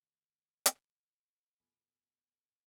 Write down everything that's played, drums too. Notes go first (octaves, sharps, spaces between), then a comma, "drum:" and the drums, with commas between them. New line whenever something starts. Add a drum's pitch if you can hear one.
C#3 G#3
drum: hi-hat
F2 B2 A3 B3 F4 A4 G#5 B5